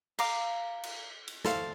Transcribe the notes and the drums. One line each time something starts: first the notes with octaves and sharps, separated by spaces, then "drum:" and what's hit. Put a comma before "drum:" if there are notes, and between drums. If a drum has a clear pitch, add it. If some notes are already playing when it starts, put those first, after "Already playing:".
F5 A#5 D6, drum: cymbal
drum: cymbal
drum: cymbal
A4 C5 F5, drum: snare